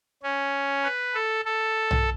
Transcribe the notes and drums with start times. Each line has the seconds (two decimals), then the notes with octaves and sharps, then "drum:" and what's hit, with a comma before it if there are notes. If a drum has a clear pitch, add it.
0.23 C#4
0.84 B4
1.14 A4
1.45 A4
1.91 drum: tom